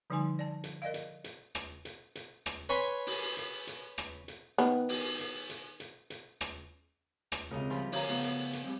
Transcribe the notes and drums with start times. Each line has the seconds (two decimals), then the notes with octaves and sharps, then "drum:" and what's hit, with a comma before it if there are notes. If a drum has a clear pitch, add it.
0.10 D3 F3 G3 D#4 G#5 C6
0.39 D5 A5
0.64 drum: hi-hat
0.82 A#4 D5 D#5 F5
0.94 drum: hi-hat
1.24 drum: hi-hat
1.55 drum: rim click
1.85 drum: hi-hat
2.15 drum: hi-hat
2.46 drum: rim click
2.69 B4 C#5 G#5 B5 C6
3.07 drum: open hi-hat
3.37 drum: hi-hat
3.67 drum: hi-hat
3.98 drum: rim click
4.28 drum: hi-hat
4.58 D#3 B3, drum: hi-hat
4.89 drum: open hi-hat
5.19 drum: hi-hat
5.49 drum: hi-hat
5.80 drum: hi-hat
6.10 drum: hi-hat
6.41 drum: rim click
7.32 drum: rim click
7.51 C#2 C3 A#4 D#5 A#5
7.70 F3 G3 C6
7.92 D2 C#5 F5 A#5, drum: open hi-hat
8.08 C#3 A3 B3
8.23 drum: hi-hat
8.53 drum: hi-hat
8.64 G3 G#3 C4